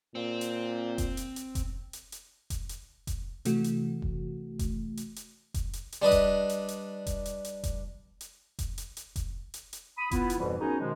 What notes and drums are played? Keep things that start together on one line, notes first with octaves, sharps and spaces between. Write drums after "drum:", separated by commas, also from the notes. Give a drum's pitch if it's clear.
A#2 C4
drum: hi-hat
drum: kick F1, hi-hat
drum: hi-hat
drum: hi-hat
drum: kick F1, hi-hat
drum: hi-hat
drum: hi-hat
drum: kick F1, hi-hat
drum: hi-hat
drum: kick F1, hi-hat
C3 E3 A3 F#4, drum: hi-hat
drum: hi-hat
drum: kick F1
drum: kick F1, hi-hat
drum: hi-hat
drum: hi-hat
drum: kick F1, hi-hat
drum: hi-hat
drum: hi-hat
G3 D4 B4 D#5
drum: kick F1, hi-hat
drum: hi-hat
drum: hi-hat
drum: kick F1, hi-hat
drum: hi-hat
drum: hi-hat
drum: kick F1, hi-hat
drum: hi-hat
drum: kick F1, hi-hat
drum: hi-hat
drum: hi-hat
drum: kick F1, hi-hat
drum: hi-hat
drum: hi-hat
B5 D#6
B3 E4 F4, drum: kick F1, hi-hat
drum: hi-hat
F2 G#2 B2 E3 F3 G3
B3 C#4 D#4 F#4 G#4 A#4
B2 D#3 F3 G#3